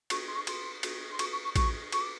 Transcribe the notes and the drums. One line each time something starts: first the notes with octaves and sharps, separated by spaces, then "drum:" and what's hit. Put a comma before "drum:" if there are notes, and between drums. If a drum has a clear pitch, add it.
C#6, drum: cymbal
C6
C#6
C6, drum: cymbal
drum: cymbal
C6
C#6, drum: cymbal
C#6
C#6
C#6, drum: kick A1, cymbal
C#6, drum: cymbal
D6